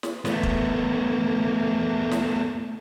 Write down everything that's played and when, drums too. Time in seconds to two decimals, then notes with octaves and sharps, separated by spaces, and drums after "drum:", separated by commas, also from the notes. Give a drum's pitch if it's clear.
0.03 drum: snare
0.25 A3 B3, drum: snare
0.43 drum: kick
2.11 drum: snare